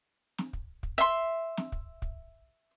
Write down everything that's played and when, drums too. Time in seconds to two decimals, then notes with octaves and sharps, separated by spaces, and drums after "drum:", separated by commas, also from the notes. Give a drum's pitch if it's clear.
0.38 drum: snare
0.53 drum: kick
0.83 drum: kick
0.98 E5 C6
1.57 drum: snare
1.72 drum: kick
2.02 drum: kick